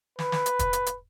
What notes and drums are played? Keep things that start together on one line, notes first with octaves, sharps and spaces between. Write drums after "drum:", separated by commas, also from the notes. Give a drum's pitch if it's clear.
B4, drum: snare
drum: snare
drum: hi-hat
drum: kick, hi-hat
drum: hi-hat
drum: hi-hat